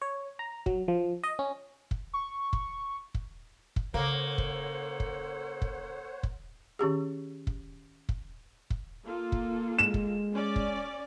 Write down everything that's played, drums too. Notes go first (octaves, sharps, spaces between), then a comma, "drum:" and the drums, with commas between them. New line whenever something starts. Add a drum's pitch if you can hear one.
C#5
A#5
F#3, drum: kick
F3
D#5
C#4
drum: kick
C#6
drum: kick
drum: kick
drum: kick
C#3 A#3 A4 C5 C#5 F#5
drum: kick
drum: kick
drum: kick
drum: kick
D#3 C#4 G4 G#4
drum: kick
drum: kick
drum: kick
A#3 F4 A4
drum: kick
G#3 E7
drum: kick
C#4 D5
drum: kick